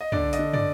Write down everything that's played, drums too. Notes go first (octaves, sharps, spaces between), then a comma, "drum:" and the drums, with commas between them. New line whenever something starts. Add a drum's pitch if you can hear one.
D#5
D3 D5, drum: tom
D#5, drum: hi-hat
D3
D5, drum: tom